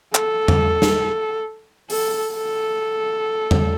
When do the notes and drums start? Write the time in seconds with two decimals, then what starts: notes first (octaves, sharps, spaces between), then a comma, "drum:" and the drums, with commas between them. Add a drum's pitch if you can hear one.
0.15 A4, drum: clap
0.48 drum: tom E2
0.82 drum: snare
1.90 A4, drum: open hi-hat
2.33 A4
3.51 drum: tom E2